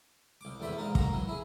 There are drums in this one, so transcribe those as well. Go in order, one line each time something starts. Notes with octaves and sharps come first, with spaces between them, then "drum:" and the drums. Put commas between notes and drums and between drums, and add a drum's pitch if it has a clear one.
C2 D6
A1 E2 C3 D5 E5 B5
A#1 G#2 D4 A#4
A#3 F#4 A#5, drum: kick
E3 F#3
E4 G#4